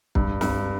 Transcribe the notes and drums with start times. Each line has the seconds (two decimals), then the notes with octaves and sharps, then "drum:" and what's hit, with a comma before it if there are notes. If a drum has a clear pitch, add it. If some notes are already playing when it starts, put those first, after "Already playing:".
0.15 G2, drum: kick
0.41 G2, drum: snare